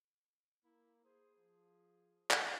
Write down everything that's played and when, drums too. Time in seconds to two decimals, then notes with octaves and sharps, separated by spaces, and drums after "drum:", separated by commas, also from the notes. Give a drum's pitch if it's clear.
0.64 A#3 E4
1.04 G#4 C5
1.39 F3
2.31 drum: clap